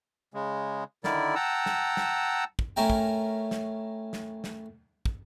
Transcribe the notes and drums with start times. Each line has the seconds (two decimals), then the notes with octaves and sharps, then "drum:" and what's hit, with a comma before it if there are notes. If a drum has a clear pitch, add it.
0.34 C#3 G#3
1.04 D3 D#3 E4 A#4 D5, drum: snare
1.35 F#5 G5 A5 A#5 E6
1.66 drum: snare
1.97 drum: snare
2.59 drum: kick
2.76 A3 C#4 E4 A#4 G5
2.90 drum: kick
3.51 drum: snare
4.13 drum: snare
4.44 drum: snare
5.06 drum: kick